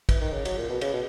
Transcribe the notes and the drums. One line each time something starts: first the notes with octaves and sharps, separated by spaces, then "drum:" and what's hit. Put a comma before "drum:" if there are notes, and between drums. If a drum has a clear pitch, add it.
E3, drum: kick, cymbal
D#3
C#3
F#3, drum: cymbal
A#2
B2
C#3, drum: cymbal
B2